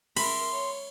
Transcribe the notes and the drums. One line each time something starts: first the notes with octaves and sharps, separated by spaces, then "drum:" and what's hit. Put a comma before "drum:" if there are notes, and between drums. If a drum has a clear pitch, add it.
A#4 E5 B5 C6, drum: cymbal
C#5